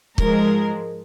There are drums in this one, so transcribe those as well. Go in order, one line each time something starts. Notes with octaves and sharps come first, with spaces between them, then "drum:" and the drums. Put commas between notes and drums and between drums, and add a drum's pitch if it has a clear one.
G#2 F3 G#3 A#4, drum: kick